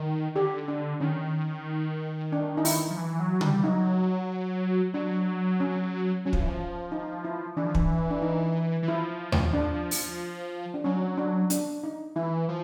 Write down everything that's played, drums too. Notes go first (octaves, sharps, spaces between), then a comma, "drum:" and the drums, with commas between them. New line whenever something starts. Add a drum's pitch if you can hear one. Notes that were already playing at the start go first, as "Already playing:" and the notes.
Already playing: D#3
D3 G4
D4
D#3 C#4
D4
D#4
E4, drum: open hi-hat
F3
E3
F#3
G3, drum: tom C#3
F#3 D#4
F#3 D4
C#4
F#3 C#4
F3, drum: kick
E3
F3
D#4
E4
E3 D4
F3
E3, drum: kick
D4
D#4
E3
F3 E4
drum: tom D#2
D4
drum: open hi-hat
D4
F#3 C#4
D4
D4, drum: hi-hat
D#4
E3 E4
F3